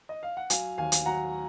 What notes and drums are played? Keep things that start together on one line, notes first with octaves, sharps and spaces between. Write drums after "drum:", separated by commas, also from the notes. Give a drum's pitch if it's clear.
D#5
F5
F#5
F#3 F5 G#5, drum: hi-hat
D#2 F5 G#5
drum: hi-hat
F#3 F#5 A#5